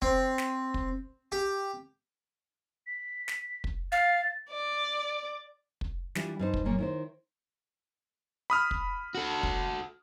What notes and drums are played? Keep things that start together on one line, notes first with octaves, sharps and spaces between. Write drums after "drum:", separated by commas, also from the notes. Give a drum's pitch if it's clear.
C4, drum: kick
drum: snare
drum: kick
G4
B6
drum: snare
drum: kick
F5 A6
D5
drum: kick
E3 G3 B3 D4 E4 F4, drum: snare
G2 D#4 C5
drum: kick
F#2 A#2 A#3 C#5
D#3 E4 C5
B5 D#6 F6
drum: kick
F#4 A4
drum: kick